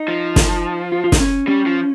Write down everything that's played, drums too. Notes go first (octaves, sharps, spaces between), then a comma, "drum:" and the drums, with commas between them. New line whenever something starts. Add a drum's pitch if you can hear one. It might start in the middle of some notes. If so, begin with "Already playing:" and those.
Already playing: D#4
F3
drum: snare
F4
F4
D#4, drum: snare
C#4
G3 C#4
F3